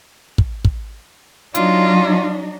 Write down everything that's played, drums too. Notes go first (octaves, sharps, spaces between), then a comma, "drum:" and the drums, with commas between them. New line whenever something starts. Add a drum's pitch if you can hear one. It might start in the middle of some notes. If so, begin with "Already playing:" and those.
drum: kick
drum: kick
F#3 D4 D#4 F4, drum: hi-hat